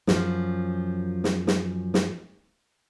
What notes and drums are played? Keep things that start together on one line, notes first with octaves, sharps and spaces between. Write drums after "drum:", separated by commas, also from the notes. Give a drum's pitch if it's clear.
F#2 F3, drum: snare
drum: snare
drum: snare
drum: snare